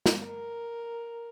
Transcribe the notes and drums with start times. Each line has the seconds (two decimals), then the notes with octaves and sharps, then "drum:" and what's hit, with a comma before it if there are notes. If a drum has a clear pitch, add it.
0.06 drum: snare
0.23 A#4